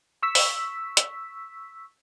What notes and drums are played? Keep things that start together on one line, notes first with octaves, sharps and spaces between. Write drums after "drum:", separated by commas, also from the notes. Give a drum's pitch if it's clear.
C#6 E6 B6
drum: open hi-hat
drum: hi-hat